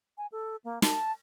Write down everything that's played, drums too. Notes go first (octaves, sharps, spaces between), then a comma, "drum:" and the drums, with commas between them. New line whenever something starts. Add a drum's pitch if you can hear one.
G#5
A4
A#3
A5, drum: snare